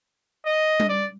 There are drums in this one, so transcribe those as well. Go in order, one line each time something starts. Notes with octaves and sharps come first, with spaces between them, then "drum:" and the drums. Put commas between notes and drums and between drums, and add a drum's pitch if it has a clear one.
D#5
drum: tom G3
D5